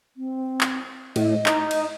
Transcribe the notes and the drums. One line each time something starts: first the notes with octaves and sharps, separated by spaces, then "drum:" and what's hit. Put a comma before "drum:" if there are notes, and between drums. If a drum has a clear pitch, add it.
C4
drum: clap
A2 D#5, drum: cymbal
D#4, drum: clap
drum: cymbal